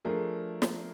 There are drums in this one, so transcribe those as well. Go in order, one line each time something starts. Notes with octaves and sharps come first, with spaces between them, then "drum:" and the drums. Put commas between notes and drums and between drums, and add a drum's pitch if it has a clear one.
F3 A3 D4 G#4 A#4
drum: snare